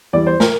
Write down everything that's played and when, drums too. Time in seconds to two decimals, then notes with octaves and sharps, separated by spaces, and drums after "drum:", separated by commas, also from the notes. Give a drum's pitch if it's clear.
0.13 E2 E3 G3 D5
0.27 C5
0.40 A#4, drum: snare